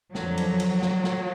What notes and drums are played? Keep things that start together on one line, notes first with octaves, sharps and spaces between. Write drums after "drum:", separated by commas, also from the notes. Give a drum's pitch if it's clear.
F2 D3 F3 F#3, drum: snare
drum: cymbal
drum: cymbal
drum: snare
drum: snare